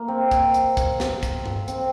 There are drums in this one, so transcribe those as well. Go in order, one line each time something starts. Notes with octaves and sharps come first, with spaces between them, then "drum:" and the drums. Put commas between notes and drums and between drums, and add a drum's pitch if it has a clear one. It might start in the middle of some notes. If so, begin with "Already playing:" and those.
Already playing: A#3
C4
drum: kick, hi-hat
drum: hi-hat
drum: kick, hi-hat
drum: snare
drum: kick, hi-hat
drum: tom G2
C4, drum: hi-hat